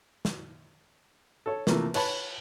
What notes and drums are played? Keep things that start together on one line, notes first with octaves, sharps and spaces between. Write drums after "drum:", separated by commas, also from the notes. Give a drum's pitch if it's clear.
drum: snare
A4 C#5
C3 E3 F3 A3 A#3, drum: snare
B4 C#5 A5 B5, drum: cymbal